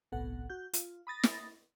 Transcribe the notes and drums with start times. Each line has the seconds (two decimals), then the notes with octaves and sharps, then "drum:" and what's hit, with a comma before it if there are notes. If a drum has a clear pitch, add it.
0.12 G1 C2 A2 B3 A4 F#5
0.50 F#4 G6
0.73 F4, drum: hi-hat
1.07 B5 D#6 A6 A#6
1.23 drum: snare